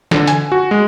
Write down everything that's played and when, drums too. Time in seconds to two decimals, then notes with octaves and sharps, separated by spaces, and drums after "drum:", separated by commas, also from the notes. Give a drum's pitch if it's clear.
0.11 D3, drum: snare
0.27 G#5, drum: hi-hat
0.52 F#4
0.71 G#3